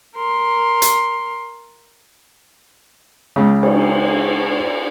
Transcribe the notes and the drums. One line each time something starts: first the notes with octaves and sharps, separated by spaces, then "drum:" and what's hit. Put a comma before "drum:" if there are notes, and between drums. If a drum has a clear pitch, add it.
A#4 C6
drum: hi-hat
C#2 C#3
drum: cymbal